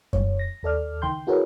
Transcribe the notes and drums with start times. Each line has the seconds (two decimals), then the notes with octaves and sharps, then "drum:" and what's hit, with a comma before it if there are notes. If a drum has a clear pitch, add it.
0.13 C#5, drum: kick F#2
0.39 A#6
0.63 D#2 A4 D5 F6
1.02 C#2 D#3 G5 C6 G6
1.27 E4 F#4 G#4 A#4 B4 C#5